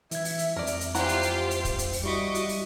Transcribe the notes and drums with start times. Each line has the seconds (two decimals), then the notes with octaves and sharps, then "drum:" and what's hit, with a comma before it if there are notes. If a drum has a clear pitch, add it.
0.11 E3 E5 G#6, drum: hi-hat
0.25 drum: open hi-hat
0.39 drum: hi-hat
0.56 F2 A#4 D5
0.67 drum: hi-hat
0.81 drum: hi-hat
0.95 E3 F4 G4 C5 F#5 A#5, drum: hi-hat
1.09 drum: hi-hat
1.23 drum: hi-hat
1.51 drum: hi-hat
1.65 drum: kick, hi-hat
1.79 drum: hi-hat
1.93 drum: open hi-hat
2.04 G3 E4 F#4 D#5 C#6 D6 B6
2.35 drum: hi-hat
2.49 drum: open hi-hat